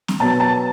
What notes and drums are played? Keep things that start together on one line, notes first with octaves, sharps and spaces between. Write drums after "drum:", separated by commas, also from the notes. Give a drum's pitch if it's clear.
drum: snare C4
B2 F#3 B3 A5 A6
A5 A6